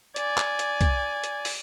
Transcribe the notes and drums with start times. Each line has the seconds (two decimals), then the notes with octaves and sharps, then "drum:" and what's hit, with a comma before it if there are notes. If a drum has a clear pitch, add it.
0.16 D5 G#5, drum: hi-hat
0.38 drum: clap
0.59 drum: hi-hat
0.81 drum: kick, hi-hat
1.24 drum: hi-hat
1.45 drum: open hi-hat